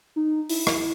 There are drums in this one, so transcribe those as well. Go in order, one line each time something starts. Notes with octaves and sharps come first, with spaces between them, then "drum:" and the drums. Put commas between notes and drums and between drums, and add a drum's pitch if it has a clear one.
D#4
E4, drum: open hi-hat
drum: rim click